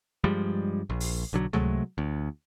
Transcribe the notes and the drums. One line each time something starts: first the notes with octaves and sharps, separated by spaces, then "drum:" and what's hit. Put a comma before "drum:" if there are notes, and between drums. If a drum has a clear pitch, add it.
G2 F3 G3 G#3
A#1
drum: open hi-hat
B1 D3 F#3
C3 F#3 G#3 A3, drum: tom C#2
D2